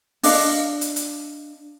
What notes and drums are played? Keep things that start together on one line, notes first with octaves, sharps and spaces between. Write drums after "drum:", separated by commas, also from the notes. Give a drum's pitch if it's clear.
D4 D#5 F5, drum: open hi-hat
drum: hi-hat
drum: hi-hat